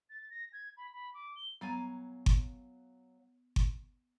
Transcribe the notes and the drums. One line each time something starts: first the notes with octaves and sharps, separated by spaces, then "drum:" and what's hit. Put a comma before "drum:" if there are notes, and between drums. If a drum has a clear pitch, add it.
A6
A#6
G#6
B5
B5
D6
G7
F#3 B3 F5 G#5 A#5 A6
drum: kick G1
drum: kick G1